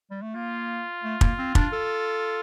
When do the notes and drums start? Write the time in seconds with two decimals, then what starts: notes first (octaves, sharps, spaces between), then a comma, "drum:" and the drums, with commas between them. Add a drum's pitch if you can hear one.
0.10 G3
0.22 A3
0.35 A#3 F4
1.04 A3
1.21 A#3, drum: kick
1.38 C4
1.55 D4, drum: kick
1.73 A4